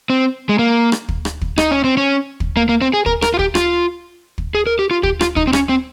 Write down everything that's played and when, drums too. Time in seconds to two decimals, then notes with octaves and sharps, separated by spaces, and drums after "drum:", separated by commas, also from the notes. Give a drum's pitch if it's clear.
0.10 C4
0.49 G#3
0.59 A#3
0.92 drum: rim click
1.09 drum: kick
1.25 drum: rim click
1.41 drum: kick
1.58 D#4, drum: rim click
1.71 C#4
1.84 C4
1.97 C#4
2.40 drum: kick
2.57 A#3
2.69 A#3
2.81 C4
2.93 G#4
3.06 A#4, drum: kick
3.22 A#4, drum: rim click
3.34 F4
3.39 G4, drum: kick
3.55 F4, drum: rim click
4.38 drum: kick
4.55 G#4
4.67 A#4
4.79 G4
4.91 F4
5.03 G4, drum: kick
5.21 F4, drum: rim click
5.37 D#4, drum: kick
5.47 C4
5.53 C#4, drum: rim click
5.69 C4